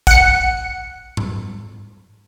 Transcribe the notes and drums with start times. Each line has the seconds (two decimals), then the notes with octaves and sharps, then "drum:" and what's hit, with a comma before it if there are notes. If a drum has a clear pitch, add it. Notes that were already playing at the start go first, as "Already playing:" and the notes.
0.07 F#5 C#7, drum: kick
1.17 drum: tom G#2